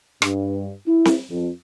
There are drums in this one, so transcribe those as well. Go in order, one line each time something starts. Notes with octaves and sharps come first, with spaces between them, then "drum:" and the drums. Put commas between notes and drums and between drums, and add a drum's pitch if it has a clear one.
G2, drum: rim click
E4
drum: snare C4
F2